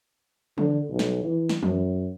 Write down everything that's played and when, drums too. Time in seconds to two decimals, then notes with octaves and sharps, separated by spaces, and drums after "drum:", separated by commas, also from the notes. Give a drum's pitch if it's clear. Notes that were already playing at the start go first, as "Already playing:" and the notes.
0.58 D3, drum: tom E3
0.90 B1
0.99 drum: snare
1.24 E3
1.49 drum: snare
1.63 F#2, drum: tom E3